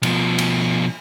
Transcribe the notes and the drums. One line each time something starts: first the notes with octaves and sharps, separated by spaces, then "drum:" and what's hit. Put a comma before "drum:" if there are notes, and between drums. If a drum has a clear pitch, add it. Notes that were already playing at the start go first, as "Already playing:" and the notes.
B2 F3, drum: cymbal
drum: cymbal